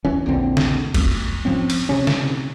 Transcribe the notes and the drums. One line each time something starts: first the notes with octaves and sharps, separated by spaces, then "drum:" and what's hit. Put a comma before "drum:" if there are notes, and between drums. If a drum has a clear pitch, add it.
E1 E3 C#4
A#1 E2 D3 C4
drum: snare
B1 F2 A3, drum: kick, cymbal
G#2 F3 C4 C#4
drum: cymbal
C3 C#4
drum: snare